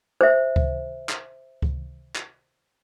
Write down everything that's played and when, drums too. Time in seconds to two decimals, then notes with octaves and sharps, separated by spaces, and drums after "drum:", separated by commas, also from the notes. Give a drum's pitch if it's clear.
0.21 C5 E5
0.56 drum: kick C#2
1.09 drum: clap
1.62 drum: kick C#2
2.16 drum: clap